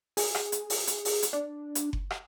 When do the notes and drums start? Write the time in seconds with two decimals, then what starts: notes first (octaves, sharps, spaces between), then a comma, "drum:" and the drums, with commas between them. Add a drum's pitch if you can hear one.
0.17 G#4, drum: open hi-hat
0.35 drum: rim click
0.52 drum: hi-hat
0.70 drum: open hi-hat
0.87 drum: hi-hat
1.05 drum: open hi-hat
1.23 drum: hi-hat
1.33 D4
1.75 drum: hi-hat
1.93 drum: kick F#1
2.10 drum: rim click